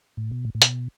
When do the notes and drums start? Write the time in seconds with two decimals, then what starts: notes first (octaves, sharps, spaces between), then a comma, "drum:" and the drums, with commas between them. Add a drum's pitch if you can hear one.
0.17 A2
0.31 B2
0.45 A2
0.55 A2
0.62 B2, drum: hi-hat